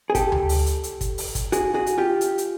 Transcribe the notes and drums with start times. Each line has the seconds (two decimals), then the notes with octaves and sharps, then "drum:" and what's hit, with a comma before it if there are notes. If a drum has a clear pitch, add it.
0.10 G#4
0.15 G4 A4, drum: kick, hi-hat
0.32 drum: tom D2
0.49 drum: open hi-hat
0.66 drum: hi-hat
0.84 drum: hi-hat
1.01 drum: kick, hi-hat
1.18 drum: open hi-hat
1.35 drum: kick, hi-hat
1.52 F#4 G#4, drum: hi-hat
1.74 F#4 G#4
1.86 drum: hi-hat
1.98 F4 G4
2.21 drum: hi-hat
2.38 drum: hi-hat